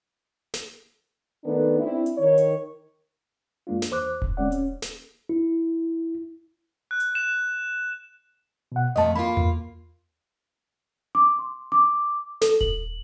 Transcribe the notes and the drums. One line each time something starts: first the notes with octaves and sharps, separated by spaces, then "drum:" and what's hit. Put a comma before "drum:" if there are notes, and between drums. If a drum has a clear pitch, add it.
drum: snare
D#3 A3 B3 D4
C4 D4 E4
drum: hi-hat
D#3 C#5
drum: hi-hat
F#2 G#3 A#3 D4 F4
drum: snare
E2 C5 D6 F#6
drum: kick D#1
D2 G#3 C4 C#4 D5 F#5
C#4, drum: hi-hat
drum: snare
E4
F#6
drum: hi-hat
E7
B2 F#5
F2 A3 D#5 A5
A#3 F4 B5
drum: tom E2
D6
C6
D6
A4, drum: snare
F#7, drum: kick D#1